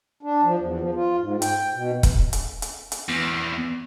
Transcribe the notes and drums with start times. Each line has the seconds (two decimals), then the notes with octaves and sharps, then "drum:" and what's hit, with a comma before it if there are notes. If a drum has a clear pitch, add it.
0.23 D4
0.43 F3
0.59 E2
0.80 F3
0.94 F4
1.19 G#2
1.42 G5, drum: hi-hat
1.74 B2
2.03 drum: kick, hi-hat
2.33 drum: hi-hat
2.62 drum: hi-hat
2.92 drum: hi-hat
3.08 E2